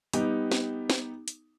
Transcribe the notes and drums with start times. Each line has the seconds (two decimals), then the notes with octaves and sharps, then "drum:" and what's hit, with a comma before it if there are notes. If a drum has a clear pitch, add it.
0.13 G3 B3 D#4 G4, drum: hi-hat
0.52 drum: snare
0.90 drum: snare
1.28 drum: hi-hat